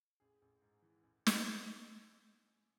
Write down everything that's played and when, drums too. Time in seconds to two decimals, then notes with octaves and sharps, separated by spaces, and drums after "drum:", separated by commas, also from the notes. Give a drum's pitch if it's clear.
0.20 A1 G#4
0.42 A1
0.62 G#2
0.82 E3
1.03 A1
1.27 drum: snare